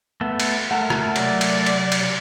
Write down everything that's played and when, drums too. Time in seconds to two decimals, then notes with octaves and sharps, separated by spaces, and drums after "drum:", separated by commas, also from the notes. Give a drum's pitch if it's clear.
0.21 A3 B3 A4
0.40 drum: cymbal
0.71 A3 A4 A#4 F#5
0.90 drum: rim click
1.16 C3 F#3 D5, drum: cymbal
1.41 drum: cymbal
1.66 drum: cymbal
1.92 drum: cymbal